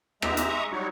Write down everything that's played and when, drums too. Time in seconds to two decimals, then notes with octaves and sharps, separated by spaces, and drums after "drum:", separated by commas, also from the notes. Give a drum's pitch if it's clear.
0.22 G#3 B3 D#4 G4 E5 A#5, drum: rim click
0.37 drum: hi-hat
0.50 C#6 D#6
0.71 F#3 G3 D#4 F#4 C#5